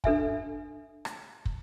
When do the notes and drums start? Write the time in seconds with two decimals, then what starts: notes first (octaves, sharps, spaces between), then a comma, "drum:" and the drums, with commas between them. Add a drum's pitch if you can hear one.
0.04 D4 A4 E5 G#5, drum: kick
1.05 drum: rim click
1.45 drum: kick